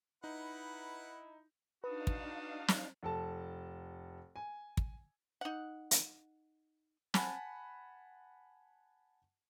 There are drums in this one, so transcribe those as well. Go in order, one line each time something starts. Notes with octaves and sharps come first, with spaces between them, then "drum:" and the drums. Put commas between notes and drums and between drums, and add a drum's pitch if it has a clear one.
D#4 E4 B4 F#5
D4 D#4 F#4 B4 F5 A5 D#6
drum: kick
drum: snare
F1 A4 A5
G#5
drum: kick
D#4 F#5
drum: hi-hat
F#5 G#5 A5 B5, drum: snare